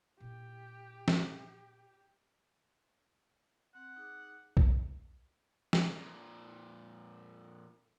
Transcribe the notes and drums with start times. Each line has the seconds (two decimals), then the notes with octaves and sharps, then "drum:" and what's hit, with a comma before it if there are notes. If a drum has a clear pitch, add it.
0.20 A#2 E4 G4
1.08 drum: snare
3.75 C4 F#5
3.96 D#4 G#4 D6
4.57 drum: kick B1
5.73 drum: snare
5.97 F2 A#2